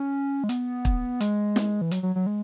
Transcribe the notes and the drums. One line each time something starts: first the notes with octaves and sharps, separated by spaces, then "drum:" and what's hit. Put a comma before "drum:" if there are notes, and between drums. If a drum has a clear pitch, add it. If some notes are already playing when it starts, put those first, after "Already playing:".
Already playing: C#4
G#3
B3, drum: hi-hat
drum: kick
G#3, drum: hi-hat
drum: snare
E3
F#3, drum: hi-hat
F#3
F#3
G#3